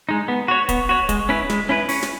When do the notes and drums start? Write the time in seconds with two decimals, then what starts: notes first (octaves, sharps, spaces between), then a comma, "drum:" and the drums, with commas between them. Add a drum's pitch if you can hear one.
0.09 G#3 D#4
0.28 B3
0.48 F#4 C#5
0.69 B3, drum: kick, hi-hat
0.89 F#4 C#5
1.09 G#3, drum: kick, hi-hat
1.29 C#4 E4 B4
1.50 G#3, drum: snare
1.69 C#4 E4 B4
1.89 C#4, drum: open hi-hat
2.03 drum: snare